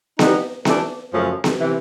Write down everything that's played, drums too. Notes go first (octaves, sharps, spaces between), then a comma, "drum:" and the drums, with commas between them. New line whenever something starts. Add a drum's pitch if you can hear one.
E3 G3 B3 D#4, drum: snare B3
E3 A3 D4, drum: snare B3
F#2 C#3 F3 A3 C#4
drum: snare B3
C3 E3